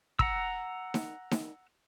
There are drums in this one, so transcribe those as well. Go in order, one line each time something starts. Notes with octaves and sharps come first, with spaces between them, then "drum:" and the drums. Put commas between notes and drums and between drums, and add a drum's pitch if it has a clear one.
F#5 A#5 E6, drum: kick
drum: snare D#4
drum: snare D#4